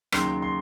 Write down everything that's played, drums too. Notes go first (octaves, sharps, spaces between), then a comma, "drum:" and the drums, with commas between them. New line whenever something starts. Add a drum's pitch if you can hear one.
D#2 C#3 F#3 C6, drum: rim click
C6